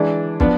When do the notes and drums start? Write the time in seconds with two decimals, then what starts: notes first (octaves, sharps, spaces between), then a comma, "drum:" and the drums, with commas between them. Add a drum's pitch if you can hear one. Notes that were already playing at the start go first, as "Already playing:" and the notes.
Already playing: E3 G#3 D4
0.40 F3 B3 D4, drum: kick